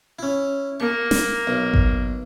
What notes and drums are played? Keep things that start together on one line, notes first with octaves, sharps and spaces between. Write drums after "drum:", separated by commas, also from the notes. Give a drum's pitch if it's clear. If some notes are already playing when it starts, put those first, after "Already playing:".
C#4 E4
A#3 C#6
drum: snare
B1
drum: kick G#1